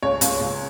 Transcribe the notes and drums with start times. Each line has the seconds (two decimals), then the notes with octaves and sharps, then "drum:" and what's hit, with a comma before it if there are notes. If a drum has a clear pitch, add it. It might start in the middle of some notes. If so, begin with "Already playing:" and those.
0.03 C#2 C#5
0.21 C#2, drum: hi-hat
0.41 C#2